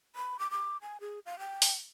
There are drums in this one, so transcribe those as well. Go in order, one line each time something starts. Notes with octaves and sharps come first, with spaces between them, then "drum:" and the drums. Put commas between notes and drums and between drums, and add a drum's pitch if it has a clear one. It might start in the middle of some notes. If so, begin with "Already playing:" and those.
B5
D6
D6
G#5
G#4
F5
G5
drum: open hi-hat